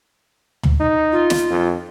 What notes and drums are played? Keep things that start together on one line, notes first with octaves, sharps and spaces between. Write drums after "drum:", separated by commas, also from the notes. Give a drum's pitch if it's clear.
drum: tom
D#4
F4
drum: snare
F2